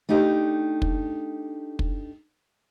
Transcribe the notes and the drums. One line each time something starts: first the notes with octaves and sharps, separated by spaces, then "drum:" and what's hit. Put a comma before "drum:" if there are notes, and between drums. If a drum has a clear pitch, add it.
A3 D4 D#4 G4
drum: kick
drum: kick